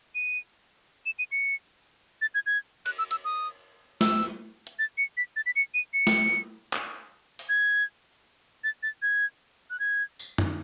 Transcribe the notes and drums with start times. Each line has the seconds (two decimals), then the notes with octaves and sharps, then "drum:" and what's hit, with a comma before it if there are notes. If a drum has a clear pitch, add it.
0.15 D#7
1.06 E7
1.19 D#7
1.32 C#7
2.21 A6
2.34 G#6
2.46 G#6
2.86 F#6, drum: cymbal
2.98 E6
3.11 E6, drum: hi-hat
3.25 D#6
4.01 E6, drum: snare
4.67 drum: hi-hat
4.79 A6
4.98 C#7
5.17 B6
5.36 A6
5.46 B6
5.56 C#7
5.74 D#7
5.93 C#7
6.07 drum: snare
6.73 drum: clap
7.39 drum: open hi-hat
7.49 G#6
8.64 A6
8.83 A6
9.02 G#6
9.70 F#6
9.80 G#6
10.19 drum: tambourine
10.38 drum: tom